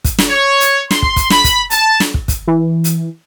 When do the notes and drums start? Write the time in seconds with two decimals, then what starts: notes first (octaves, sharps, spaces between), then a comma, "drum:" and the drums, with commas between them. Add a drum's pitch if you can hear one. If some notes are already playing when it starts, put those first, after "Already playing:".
0.04 drum: kick, hi-hat
0.18 drum: snare
0.28 C#5
0.60 drum: hi-hat
0.91 C6, drum: snare
1.02 drum: kick
1.16 drum: kick, hi-hat
1.30 B5, drum: snare
1.44 drum: kick, hi-hat
1.70 A5, drum: hi-hat
2.00 drum: snare
2.14 drum: kick
2.28 drum: kick, hi-hat
2.47 E3
2.84 drum: hi-hat